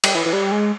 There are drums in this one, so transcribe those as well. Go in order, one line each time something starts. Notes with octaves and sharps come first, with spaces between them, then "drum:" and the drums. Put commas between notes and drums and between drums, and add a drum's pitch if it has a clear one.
G3, drum: cymbal
E3
E3
G3
G#3